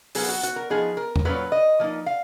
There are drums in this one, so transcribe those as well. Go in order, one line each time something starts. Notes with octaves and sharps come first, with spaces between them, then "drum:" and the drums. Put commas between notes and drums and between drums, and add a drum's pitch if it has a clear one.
F#3 B3 F4 G#4, drum: open hi-hat
F#4
F#4, drum: hi-hat
A#4
F3 B3 D#4 G#4
A#4
drum: tom E2
A#2 F#3 A#3 C#4 F4 B4
D#5
F3 A#3 D#4
F5